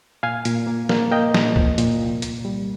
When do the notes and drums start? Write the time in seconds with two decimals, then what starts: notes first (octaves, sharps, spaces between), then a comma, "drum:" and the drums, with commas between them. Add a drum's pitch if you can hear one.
0.23 A#2 F5 G#5
0.45 A#2, drum: hi-hat
0.67 A#3
0.89 A#3, drum: snare
1.12 A#3 D#5 G5
1.34 A#2, drum: snare
1.56 F3, drum: kick
1.78 A#2, drum: hi-hat
2.01 C2
2.22 A#3, drum: hi-hat
2.45 G3